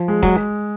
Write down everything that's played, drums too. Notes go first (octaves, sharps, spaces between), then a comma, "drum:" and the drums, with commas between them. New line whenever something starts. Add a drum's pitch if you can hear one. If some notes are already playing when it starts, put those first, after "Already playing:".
Already playing: F3
G#3
F#3 G#3, drum: kick